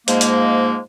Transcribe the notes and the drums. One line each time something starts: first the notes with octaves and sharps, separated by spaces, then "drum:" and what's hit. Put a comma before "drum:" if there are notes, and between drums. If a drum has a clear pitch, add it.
G#2 F3 G#3 A#3, drum: hi-hat
drum: hi-hat